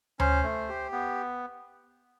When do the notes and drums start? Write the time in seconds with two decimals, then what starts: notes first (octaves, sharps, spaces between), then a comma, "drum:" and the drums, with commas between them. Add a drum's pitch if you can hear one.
0.20 C#4 C5, drum: tom D2
0.44 A3
0.69 G4
0.92 B3